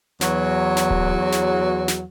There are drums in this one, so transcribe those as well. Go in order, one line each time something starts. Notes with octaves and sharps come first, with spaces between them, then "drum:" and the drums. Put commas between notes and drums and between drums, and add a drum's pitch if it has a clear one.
E2 F#3, drum: snare
drum: snare
drum: kick D1
drum: snare
drum: snare